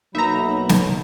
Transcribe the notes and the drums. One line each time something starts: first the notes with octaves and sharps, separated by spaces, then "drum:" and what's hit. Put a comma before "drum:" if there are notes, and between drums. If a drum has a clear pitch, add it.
B1 F#3 A#3 D#4 E5 A#5 B5
drum: snare